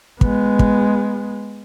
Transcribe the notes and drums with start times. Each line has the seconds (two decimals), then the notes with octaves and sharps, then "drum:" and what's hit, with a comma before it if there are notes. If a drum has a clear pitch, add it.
0.21 G#3 B3, drum: kick
0.59 drum: kick